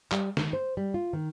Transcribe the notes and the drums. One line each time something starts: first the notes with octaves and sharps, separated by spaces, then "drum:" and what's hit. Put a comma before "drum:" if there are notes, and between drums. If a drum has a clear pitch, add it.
G3, drum: clap
D#3, drum: snare
C5
G3
F4
D#3